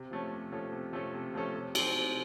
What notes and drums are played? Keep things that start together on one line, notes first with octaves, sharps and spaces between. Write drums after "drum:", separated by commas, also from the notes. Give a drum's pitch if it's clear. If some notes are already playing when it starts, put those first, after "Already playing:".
Already playing: C3
F3 A3 C#4 A4
C3
F3 A3 C#4 A4
C3
F3 A3 C#4 A4
C3
F3 A3 C#4 A4
C3
F#3 C4, drum: cymbal
C3